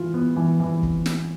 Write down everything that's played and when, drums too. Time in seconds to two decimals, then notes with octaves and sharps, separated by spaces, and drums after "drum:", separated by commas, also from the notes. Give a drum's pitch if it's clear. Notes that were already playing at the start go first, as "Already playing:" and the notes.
Already playing: E3 F4
0.14 B3
0.36 E3
0.60 E3
0.83 drum: kick
1.06 drum: snare